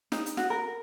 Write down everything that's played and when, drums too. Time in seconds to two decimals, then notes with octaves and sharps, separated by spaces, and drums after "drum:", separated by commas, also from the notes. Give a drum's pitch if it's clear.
0.12 D#4, drum: snare
0.26 drum: hi-hat
0.37 F#4, drum: snare
0.50 A#4